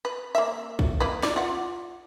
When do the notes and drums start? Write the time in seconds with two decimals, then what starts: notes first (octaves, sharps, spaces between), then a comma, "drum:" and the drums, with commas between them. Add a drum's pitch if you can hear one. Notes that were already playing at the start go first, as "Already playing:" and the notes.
0.05 B4
0.35 A#3 E5
0.79 drum: kick
1.00 A#3 E4 B4
1.23 D5, drum: snare
1.36 F4 F#5